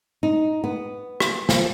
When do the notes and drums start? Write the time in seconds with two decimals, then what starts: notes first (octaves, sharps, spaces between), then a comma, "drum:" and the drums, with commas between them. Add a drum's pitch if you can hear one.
0.23 D#4
0.64 B3
1.20 drum: rim click
1.49 F3, drum: snare